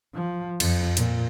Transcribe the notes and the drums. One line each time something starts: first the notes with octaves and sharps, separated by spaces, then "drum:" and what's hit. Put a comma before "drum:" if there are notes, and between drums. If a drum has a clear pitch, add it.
F3
F2, drum: cymbal
A#2, drum: hi-hat